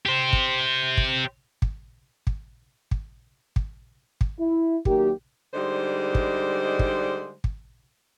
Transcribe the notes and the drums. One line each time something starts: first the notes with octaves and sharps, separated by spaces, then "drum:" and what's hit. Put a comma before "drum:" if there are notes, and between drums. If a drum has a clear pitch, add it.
G4 C5
drum: kick
drum: kick
drum: kick
drum: kick
drum: kick
drum: kick
drum: kick
E4
D#3 F#3 A#3 G4, drum: kick
D3 G3 G#3 D#4 C5
drum: kick
drum: kick
drum: kick